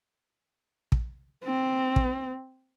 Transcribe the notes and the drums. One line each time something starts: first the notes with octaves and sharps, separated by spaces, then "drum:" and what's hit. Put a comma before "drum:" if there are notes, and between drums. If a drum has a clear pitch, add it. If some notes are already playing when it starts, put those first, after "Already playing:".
drum: kick
C4
drum: kick